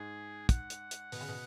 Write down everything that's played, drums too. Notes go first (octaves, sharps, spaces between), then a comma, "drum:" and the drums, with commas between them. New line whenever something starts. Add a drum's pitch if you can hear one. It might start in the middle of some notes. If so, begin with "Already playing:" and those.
Already playing: G#2 G#4
F#5, drum: kick, hi-hat
drum: hi-hat
drum: hi-hat
B2, drum: open hi-hat
C#3
B2